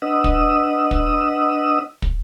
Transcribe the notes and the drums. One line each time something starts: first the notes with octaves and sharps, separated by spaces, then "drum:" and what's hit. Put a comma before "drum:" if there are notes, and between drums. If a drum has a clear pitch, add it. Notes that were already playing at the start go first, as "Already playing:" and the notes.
D4 B4 D#5 F#5 D#6 E6
drum: kick
drum: kick
drum: kick